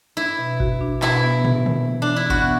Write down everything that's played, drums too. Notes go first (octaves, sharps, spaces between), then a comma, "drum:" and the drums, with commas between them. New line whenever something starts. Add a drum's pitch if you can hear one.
D4 E4
B2
F#4, drum: kick G#1
D4
B2 E4, drum: clap
B3
B3, drum: tom
B3, drum: tom C#3
E3
D4
E3
E4
B3 F#4, drum: kick G#1